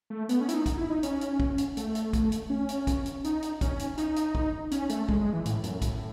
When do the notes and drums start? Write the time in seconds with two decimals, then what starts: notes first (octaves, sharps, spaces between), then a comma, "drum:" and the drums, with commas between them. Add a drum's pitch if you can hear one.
0.10 A3
0.29 B3, drum: hi-hat
0.41 C#4
0.49 E4, drum: hi-hat
0.54 D#4
0.66 drum: kick, hi-hat
0.78 E4
0.90 D#4
1.03 C#4, drum: hi-hat
1.21 drum: hi-hat
1.40 drum: kick
1.58 drum: hi-hat
1.77 A3, drum: hi-hat
1.95 drum: hi-hat
2.13 drum: kick, hi-hat
2.32 drum: hi-hat
2.50 C#4
2.69 drum: hi-hat
2.87 drum: kick, hi-hat
3.06 drum: hi-hat
3.24 D#4, drum: hi-hat
3.42 drum: hi-hat
3.61 C#4, drum: kick, hi-hat
3.79 drum: hi-hat
3.98 D#4, drum: hi-hat
4.16 drum: hi-hat
4.35 drum: kick
4.71 C#4, drum: hi-hat
4.89 A3, drum: hi-hat
5.09 G#3, drum: kick
5.21 G#3
5.33 E3
5.46 A2, drum: hi-hat
5.64 F#2, drum: hi-hat
5.82 A2, drum: kick, hi-hat